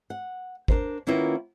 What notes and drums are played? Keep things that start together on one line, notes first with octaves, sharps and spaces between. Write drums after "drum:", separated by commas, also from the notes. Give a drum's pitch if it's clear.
F#5
D4 A#4 C5, drum: kick
D#3 A#3 B3 C#4 E4 F4